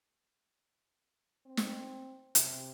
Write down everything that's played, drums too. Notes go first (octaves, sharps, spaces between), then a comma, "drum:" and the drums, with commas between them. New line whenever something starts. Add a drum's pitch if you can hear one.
C4
drum: snare
C3, drum: hi-hat